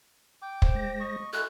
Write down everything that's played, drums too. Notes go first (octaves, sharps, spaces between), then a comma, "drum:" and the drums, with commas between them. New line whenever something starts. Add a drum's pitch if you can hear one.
G5 D6
C5, drum: kick
G#3 A#6
D#5 C#6
G#3 E4 F#4 A4 F#6